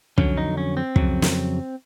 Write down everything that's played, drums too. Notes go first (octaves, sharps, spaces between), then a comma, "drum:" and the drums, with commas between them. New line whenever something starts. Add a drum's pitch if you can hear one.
F2 D3 F#3 C#4, drum: kick
D#4
C#4
C4
F2 C#3 F#3, drum: kick
drum: snare